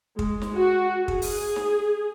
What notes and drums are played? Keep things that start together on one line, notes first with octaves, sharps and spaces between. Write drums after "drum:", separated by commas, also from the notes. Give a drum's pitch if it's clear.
G#3, drum: kick
drum: snare
F#4
G#4, drum: kick
drum: open hi-hat
drum: snare